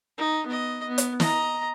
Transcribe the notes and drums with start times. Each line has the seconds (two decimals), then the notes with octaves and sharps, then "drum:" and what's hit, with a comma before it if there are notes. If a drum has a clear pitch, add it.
0.18 D#4
0.47 B3 D#5
0.88 B3
0.98 drum: hi-hat
1.20 D#5 A#5, drum: snare